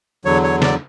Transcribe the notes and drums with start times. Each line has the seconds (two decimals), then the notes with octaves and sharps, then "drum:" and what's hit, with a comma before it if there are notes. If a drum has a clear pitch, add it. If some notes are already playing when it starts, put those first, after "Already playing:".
0.25 E2 D3 F#3 C#5
0.43 C#5
0.62 D5, drum: snare